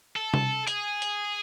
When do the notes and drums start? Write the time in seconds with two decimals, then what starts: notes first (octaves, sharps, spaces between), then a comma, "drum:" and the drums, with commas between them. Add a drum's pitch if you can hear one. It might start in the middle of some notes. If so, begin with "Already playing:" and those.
0.16 A4
0.34 drum: tom C3
0.67 G#4, drum: hi-hat
1.02 drum: hi-hat